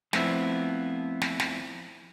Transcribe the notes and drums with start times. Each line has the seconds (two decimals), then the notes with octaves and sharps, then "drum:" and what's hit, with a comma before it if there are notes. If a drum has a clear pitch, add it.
0.13 F3 A3 B3 C4 E4, drum: snare
1.21 drum: snare
1.40 drum: snare